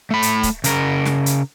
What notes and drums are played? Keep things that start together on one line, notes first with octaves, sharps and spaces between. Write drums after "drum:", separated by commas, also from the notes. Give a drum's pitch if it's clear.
A3 B5
drum: hi-hat
drum: kick C#1, hi-hat
C#3 A#4, drum: hi-hat
drum: snare
drum: hi-hat